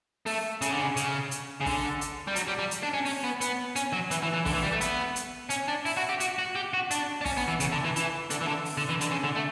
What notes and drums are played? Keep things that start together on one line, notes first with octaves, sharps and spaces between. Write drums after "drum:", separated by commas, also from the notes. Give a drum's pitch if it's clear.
A3, drum: open hi-hat
C#3, drum: hi-hat
D3
C#3
C#3, drum: hi-hat
drum: hi-hat
C#3
D3, drum: kick, open hi-hat
drum: hi-hat
G3
F#3, drum: hi-hat
G3
G3
drum: hi-hat
D4
C#4
C#4, drum: open hi-hat
B3
B3, drum: hi-hat
C#4, drum: hi-hat
F#3
E3, drum: hi-hat
E3
E3
D3, drum: kick, open hi-hat
E3
G3
A3
B3, drum: hi-hat
drum: hi-hat
C#4, drum: hi-hat
D4
E4, drum: open hi-hat
F#4
G4
F#4, drum: hi-hat
F#4
G4
F#4
D4, drum: hi-hat
D4
C#4, drum: kick, open hi-hat
B3
E3
C#3, drum: hi-hat
D3
E3
E3, drum: hi-hat
D3, drum: hi-hat
E3
D3
drum: open hi-hat
D3
E3
D3, drum: hi-hat
C#3
D3
A3